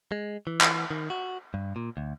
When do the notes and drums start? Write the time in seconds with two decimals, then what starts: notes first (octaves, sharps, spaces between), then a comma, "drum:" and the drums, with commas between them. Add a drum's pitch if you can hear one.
0.12 G#3
0.47 E3
0.61 drum: clap
0.91 D#3
1.10 F#4
1.54 G2
1.76 A#2
1.97 D2